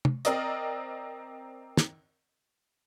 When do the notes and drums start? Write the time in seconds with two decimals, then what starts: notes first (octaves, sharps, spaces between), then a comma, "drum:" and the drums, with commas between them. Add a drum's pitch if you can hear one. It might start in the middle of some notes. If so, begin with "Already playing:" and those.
0.05 drum: tom
0.25 C4 A#4 D5 D#5, drum: hi-hat
1.77 drum: snare